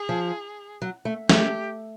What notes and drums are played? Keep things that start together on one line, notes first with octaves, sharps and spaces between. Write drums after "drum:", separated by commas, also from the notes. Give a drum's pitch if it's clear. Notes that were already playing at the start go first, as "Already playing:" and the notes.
Already playing: G#4
F3
F#3
A3
A3 G4, drum: snare